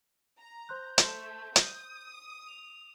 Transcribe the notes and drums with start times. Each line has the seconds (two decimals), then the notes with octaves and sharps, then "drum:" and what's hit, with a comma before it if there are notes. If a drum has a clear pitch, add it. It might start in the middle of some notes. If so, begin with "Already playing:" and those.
0.38 A#5
0.69 C5 C6 F#6 G6
0.98 A3 C5 C6, drum: hi-hat
1.56 D#6, drum: hi-hat
2.48 F7